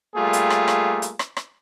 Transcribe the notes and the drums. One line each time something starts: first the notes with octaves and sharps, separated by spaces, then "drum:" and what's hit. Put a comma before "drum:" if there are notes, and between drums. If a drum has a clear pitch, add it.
G3 A3 A#3 F4 G#4
drum: hi-hat
drum: rim click
drum: rim click
drum: hi-hat
drum: rim click
drum: rim click